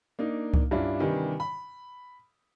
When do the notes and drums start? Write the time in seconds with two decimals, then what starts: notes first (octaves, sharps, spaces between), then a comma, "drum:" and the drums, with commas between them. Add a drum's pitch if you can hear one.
0.19 A#3 D4 D#4
0.54 drum: kick C#2
0.71 G2 C#4 D4 E4 F4
1.00 C3 D#3 E3 G3 D4
1.40 B5